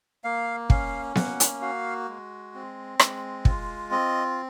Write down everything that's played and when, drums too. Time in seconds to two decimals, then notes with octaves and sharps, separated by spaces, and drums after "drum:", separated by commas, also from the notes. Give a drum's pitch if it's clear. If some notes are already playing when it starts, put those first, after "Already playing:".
0.24 A#3 F5
0.70 C#4 F5, drum: kick
1.15 A#3 F#5, drum: snare B3
1.40 drum: hi-hat
1.61 F#4 F5
2.09 G#3
2.54 C4
3.00 G#3, drum: rim click
3.45 F4, drum: kick
3.91 C4 D#5